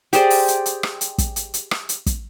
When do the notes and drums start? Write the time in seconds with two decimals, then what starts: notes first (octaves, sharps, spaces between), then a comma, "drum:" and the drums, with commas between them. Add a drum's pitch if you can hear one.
0.13 G4 G#4 C5 D5, drum: hi-hat
0.30 drum: open hi-hat
0.48 drum: hi-hat
0.66 drum: hi-hat
0.83 drum: rim click
1.01 drum: hi-hat
1.18 drum: kick, hi-hat
1.36 drum: hi-hat
1.54 drum: hi-hat
1.71 drum: rim click
1.89 drum: hi-hat
2.06 drum: kick, hi-hat